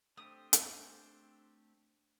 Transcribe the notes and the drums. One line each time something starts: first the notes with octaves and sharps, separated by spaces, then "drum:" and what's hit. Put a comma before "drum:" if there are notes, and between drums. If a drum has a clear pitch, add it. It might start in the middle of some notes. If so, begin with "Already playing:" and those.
A3 C4 D4 G4 C5 D#6
drum: hi-hat